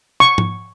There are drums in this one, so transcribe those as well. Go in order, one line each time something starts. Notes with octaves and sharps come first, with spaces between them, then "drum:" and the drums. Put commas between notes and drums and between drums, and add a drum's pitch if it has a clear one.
C#6
drum: tom